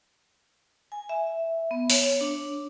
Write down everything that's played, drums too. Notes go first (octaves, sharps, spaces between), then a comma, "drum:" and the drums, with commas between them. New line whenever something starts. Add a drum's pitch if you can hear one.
G#5
E5
B3
C#5, drum: open hi-hat
D4